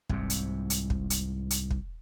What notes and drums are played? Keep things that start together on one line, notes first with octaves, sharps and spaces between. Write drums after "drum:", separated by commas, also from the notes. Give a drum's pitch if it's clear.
C2 G#2 C3, drum: kick
drum: hi-hat
drum: hi-hat
drum: kick
drum: hi-hat
drum: hi-hat
drum: kick